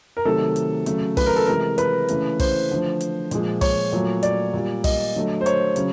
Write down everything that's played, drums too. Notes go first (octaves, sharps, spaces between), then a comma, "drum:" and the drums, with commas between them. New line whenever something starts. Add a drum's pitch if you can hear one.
A#4
C3 D#3 F#3 A3 A4
drum: hi-hat
C#3 F#3 A3, drum: hi-hat
B4, drum: kick, open hi-hat
A#4
A4
C3 E3 G#3 A#4
B4, drum: hi-hat
C#3 E3 A3, drum: hi-hat
C5, drum: kick, open hi-hat
D3 F3 A3
drum: hi-hat
A#2 F3 G#3, drum: hi-hat
C#5, drum: kick, open hi-hat
A#2 F#3 A3
D5, drum: hi-hat
A#2 G3
D#5, drum: kick, open hi-hat
D3 F#3 A3
C5
C#5, drum: hi-hat
C#3 F#3, drum: hi-hat